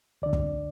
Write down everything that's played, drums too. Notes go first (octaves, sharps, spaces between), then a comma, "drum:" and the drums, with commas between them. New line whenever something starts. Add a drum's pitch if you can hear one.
D2 D3 D5
drum: kick